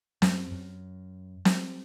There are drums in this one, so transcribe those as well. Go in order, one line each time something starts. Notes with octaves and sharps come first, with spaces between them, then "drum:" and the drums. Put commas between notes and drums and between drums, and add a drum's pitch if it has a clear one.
F#2, drum: snare
F#2
G3, drum: snare